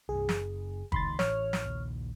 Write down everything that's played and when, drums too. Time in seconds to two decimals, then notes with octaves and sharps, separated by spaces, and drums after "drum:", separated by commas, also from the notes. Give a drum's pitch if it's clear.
0.09 C2 G2 G#4
0.29 F#1, drum: snare
0.92 C#2 D#3 B5 C6 A6, drum: kick
1.19 A1 C#5 F6, drum: snare
1.53 drum: snare
1.66 A#1 D#2